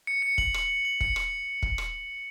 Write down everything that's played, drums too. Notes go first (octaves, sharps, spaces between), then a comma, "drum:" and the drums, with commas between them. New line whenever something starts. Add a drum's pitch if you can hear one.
C#7
C#7
F#7, drum: kick
F#7, drum: rim click
F#7
F#7
C#7, drum: kick
drum: rim click
drum: kick
drum: rim click